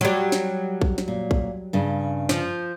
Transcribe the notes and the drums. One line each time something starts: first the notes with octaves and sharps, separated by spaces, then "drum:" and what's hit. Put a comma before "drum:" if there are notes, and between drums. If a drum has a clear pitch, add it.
F#3 G3
drum: snare
drum: kick A#1
drum: snare
A#2
drum: kick A#1
G2 C#3
F3, drum: snare